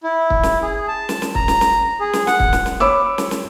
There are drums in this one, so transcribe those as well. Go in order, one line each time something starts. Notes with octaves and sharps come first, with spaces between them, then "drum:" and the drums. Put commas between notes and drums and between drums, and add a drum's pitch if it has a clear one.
E4
drum: kick
drum: snare
G#4
A5
drum: snare
drum: snare
A#5, drum: kick
drum: snare
drum: snare
G#4
drum: snare
F#5, drum: snare
drum: kick
drum: snare
drum: snare
C#5 B5 D6 E6
drum: snare
drum: snare